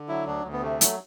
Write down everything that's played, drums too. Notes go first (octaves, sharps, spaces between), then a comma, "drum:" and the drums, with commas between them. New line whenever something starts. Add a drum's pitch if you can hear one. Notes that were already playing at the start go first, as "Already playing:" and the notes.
Already playing: D3
F#3 E4
D2 D4
D2
B3
C3 A3
F#3, drum: hi-hat